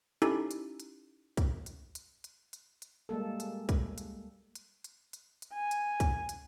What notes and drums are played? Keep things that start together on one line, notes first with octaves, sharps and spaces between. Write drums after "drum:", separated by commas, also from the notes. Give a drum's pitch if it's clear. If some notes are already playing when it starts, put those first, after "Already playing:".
C#4 D#4 E4 G4 A4, drum: hi-hat
drum: hi-hat
drum: hi-hat
drum: kick, hi-hat
drum: hi-hat
drum: hi-hat
drum: hi-hat
drum: hi-hat
drum: hi-hat
G3 G#3 A#3 A4
drum: hi-hat
drum: kick, hi-hat
drum: hi-hat
drum: hi-hat
drum: hi-hat
drum: hi-hat
drum: hi-hat
G#5
drum: hi-hat
drum: kick, hi-hat
drum: hi-hat